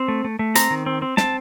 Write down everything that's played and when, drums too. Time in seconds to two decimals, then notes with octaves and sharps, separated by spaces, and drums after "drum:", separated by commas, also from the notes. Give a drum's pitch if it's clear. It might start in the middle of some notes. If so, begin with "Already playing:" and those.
Already playing: C4
0.08 A3
0.24 A3
0.39 A3
0.55 C4 A#5, drum: hi-hat
0.71 D#3
0.86 C4
1.02 C4
1.17 C4 A5, drum: snare